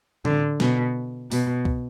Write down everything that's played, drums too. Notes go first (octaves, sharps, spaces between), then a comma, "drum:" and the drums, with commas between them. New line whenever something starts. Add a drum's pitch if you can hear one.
D3, drum: tom
B2, drum: snare
B2, drum: open hi-hat
drum: kick C2